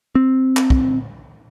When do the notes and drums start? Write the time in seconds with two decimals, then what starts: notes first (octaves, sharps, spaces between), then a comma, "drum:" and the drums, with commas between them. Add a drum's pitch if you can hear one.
0.15 C4
0.57 drum: clap
0.70 drum: kick